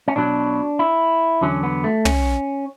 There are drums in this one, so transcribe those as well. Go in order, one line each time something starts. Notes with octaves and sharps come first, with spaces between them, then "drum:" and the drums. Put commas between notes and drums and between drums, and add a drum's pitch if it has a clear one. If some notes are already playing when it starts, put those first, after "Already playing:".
C#4
B1 B2 F#3 D4
E4
E2 D3 F#3 C#4
B3
A3
C#4, drum: tom